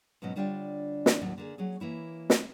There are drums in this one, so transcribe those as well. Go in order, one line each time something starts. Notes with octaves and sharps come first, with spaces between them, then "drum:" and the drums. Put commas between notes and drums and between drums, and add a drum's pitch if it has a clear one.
G#2 B2 F#3 C#4 D#5
D3 G3 D4 F4 C#5 G5
drum: snare
D#2 A2 F#3 D5
D3 A#3 G#4
F#3 C#4 G#4
E3 A#3 E4 C#5
drum: snare